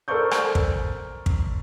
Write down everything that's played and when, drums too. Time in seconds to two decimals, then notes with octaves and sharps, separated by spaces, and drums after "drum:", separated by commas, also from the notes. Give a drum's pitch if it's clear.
0.08 A4 A#4 C5 D5 C#6 G6
0.31 drum: rim click
0.55 drum: kick
1.26 drum: kick